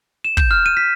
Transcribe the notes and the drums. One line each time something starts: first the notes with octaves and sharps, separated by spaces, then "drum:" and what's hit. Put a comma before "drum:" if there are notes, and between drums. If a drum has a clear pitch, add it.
E7
G6, drum: kick
F6
D#7
B6